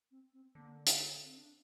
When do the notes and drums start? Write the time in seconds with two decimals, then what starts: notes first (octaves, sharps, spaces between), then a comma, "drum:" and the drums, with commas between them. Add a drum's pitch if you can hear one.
0.11 C4
0.33 C4
0.55 D3 A#3
0.87 drum: hi-hat
1.24 C4
1.37 D4